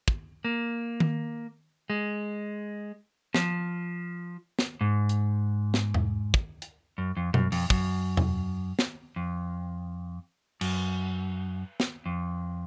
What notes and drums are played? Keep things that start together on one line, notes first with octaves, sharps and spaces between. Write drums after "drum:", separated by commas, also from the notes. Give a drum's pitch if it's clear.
drum: kick
A#3
drum: tom D#3
G#3
F3, drum: snare
drum: snare
G#2
drum: hi-hat
drum: snare
drum: tom E2
drum: kick
drum: hi-hat
F#2
F2
F#2, drum: tom B2
F2, drum: open hi-hat
F#2, drum: kick
drum: tom E2
drum: snare
F2
F#2, drum: cymbal
drum: snare
F2